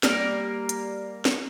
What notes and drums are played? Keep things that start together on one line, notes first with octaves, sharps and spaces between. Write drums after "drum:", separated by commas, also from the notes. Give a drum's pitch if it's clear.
G3 A#3 A#4 D5, drum: snare
drum: hi-hat
drum: snare